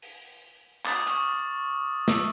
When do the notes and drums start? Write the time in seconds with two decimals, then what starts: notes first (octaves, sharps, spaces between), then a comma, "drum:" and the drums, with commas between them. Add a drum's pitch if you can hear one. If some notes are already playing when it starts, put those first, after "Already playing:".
0.02 drum: open hi-hat
0.85 D6 D#6 A6, drum: clap
1.07 C#6 D#6 F6, drum: hi-hat
2.08 E6, drum: snare